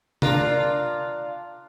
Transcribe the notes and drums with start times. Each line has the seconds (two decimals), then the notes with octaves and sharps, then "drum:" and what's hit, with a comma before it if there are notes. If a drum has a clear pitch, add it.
0.22 D4 F4 A#4, drum: tom C3